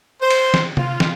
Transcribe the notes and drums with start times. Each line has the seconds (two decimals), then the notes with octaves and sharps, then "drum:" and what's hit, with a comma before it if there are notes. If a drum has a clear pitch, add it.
0.21 C5
0.30 drum: cymbal
0.54 drum: snare
0.77 F4, drum: tom C3
1.00 drum: snare